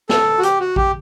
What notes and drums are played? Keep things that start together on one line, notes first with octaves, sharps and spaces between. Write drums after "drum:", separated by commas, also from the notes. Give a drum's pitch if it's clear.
A4, drum: snare
F#4
G4, drum: hi-hat
F#4
G4, drum: kick A1